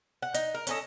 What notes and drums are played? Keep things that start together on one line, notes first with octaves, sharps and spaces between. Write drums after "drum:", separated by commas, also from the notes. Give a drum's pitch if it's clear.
F#5
D#4, drum: hi-hat
A#4
C#4 A4 D#5, drum: hi-hat